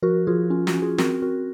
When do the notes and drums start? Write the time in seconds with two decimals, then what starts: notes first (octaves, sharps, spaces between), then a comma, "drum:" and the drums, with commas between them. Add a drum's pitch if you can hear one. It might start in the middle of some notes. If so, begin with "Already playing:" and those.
0.02 F3 F#4 A#4
0.27 F3 F4 G#4
0.50 C#4 F4
0.67 F#4, drum: snare
0.74 C#4
0.82 F4 G#4
0.98 C4 F#4 A#4, drum: snare
1.22 C4 F#4 A#4